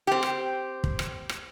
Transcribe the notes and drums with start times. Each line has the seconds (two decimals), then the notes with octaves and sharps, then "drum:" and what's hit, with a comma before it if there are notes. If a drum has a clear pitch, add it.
0.07 C4 G4
0.23 drum: rim click
0.84 drum: kick
0.99 drum: rim click
1.29 drum: rim click